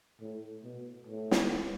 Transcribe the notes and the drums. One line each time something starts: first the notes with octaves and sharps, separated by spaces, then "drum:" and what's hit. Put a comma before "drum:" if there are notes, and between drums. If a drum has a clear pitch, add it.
A2
B2
A2
drum: snare